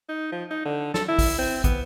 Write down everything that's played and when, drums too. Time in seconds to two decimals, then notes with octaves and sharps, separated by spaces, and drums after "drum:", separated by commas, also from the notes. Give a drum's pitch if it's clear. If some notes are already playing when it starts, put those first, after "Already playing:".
0.09 D#4
0.32 F3
0.51 D#4
0.65 D3
0.94 A4, drum: snare
1.08 E4
1.19 drum: kick, open hi-hat
1.39 C4
1.64 B3, drum: kick, hi-hat